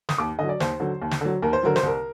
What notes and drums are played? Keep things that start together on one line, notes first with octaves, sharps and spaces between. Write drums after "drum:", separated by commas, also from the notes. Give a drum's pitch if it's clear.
D#6, drum: snare
D#2 D6
D3 F#3 D#5
D5
D#2 C5, drum: snare
D3 F#3
D#2
drum: snare
D3 F#3
D#2 A#4
C5
D3 F#3 A#4
C5, drum: snare
C2 A#4